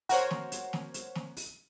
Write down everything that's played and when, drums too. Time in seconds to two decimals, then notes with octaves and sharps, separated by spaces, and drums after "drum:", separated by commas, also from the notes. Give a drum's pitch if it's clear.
0.09 F#4 A#4 C5 C#5, drum: open hi-hat
0.31 drum: snare
0.52 drum: hi-hat
0.73 drum: snare
0.94 drum: hi-hat
1.15 drum: snare
1.37 drum: open hi-hat